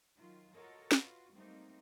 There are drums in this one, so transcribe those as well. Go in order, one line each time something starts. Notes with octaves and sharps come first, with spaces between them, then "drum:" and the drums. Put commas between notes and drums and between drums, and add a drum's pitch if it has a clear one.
D#3 F#3 F4
F4 F#4 A4 A#4 C#5 D#5
F4 F#4 B4, drum: snare
F#3 G3 A3 A#3 C4 D#4